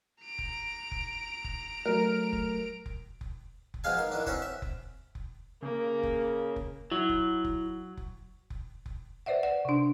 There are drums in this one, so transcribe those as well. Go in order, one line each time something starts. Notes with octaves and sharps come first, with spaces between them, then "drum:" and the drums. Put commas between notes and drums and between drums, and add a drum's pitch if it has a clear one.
A#5 D7
drum: kick F1
drum: kick F1
drum: kick F1
F#3 A3 A#4
drum: kick F1
drum: kick F1
drum: kick F1
drum: kick F1
B2 F3 G#3 F5 G#5
D#3 C6
D#3 E3 D4
C4 C#4 F#4 C5, drum: kick F1
E5
drum: kick F1
drum: kick F1
C#3 A#3
drum: kick F1
drum: kick F1
F#3 E4
drum: kick F1
drum: kick F1
drum: kick F1
drum: kick F1
drum: kick F1
B4 C5 D5 E5 F#5
D5 F#5
C3 D4